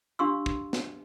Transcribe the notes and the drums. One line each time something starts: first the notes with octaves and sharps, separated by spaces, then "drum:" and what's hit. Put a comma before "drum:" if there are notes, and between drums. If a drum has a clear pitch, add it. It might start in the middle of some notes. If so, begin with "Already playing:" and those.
D4 G4 F5 C6 C#6 E6
drum: kick
drum: snare